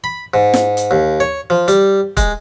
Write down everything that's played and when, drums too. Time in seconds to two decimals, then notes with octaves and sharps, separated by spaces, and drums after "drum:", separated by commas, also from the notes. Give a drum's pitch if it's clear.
0.04 B5
0.34 G#2
0.54 drum: snare
0.77 drum: hi-hat
0.91 D#2
1.20 C#5
1.50 F3
1.68 G3, drum: hi-hat
2.17 G#3, drum: kick, hi-hat